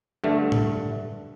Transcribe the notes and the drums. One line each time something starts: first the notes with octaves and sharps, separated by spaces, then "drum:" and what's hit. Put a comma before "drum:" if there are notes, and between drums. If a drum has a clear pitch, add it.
G2 D3 A3
drum: tom A2